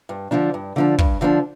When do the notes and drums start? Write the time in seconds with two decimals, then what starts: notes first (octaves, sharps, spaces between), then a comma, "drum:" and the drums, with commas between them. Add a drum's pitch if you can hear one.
0.09 G2
0.31 D3 F3 D4
0.54 G2
0.76 D3 F3 D4
0.98 G2, drum: kick
1.21 D3 F3 D4